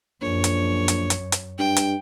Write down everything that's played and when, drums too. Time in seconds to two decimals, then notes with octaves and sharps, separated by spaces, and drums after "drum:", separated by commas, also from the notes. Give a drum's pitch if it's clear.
0.22 A#1 F#2 C#5
0.44 drum: hi-hat
0.88 drum: hi-hat
1.10 drum: hi-hat
1.32 drum: hi-hat
1.59 G2 G5
1.77 drum: hi-hat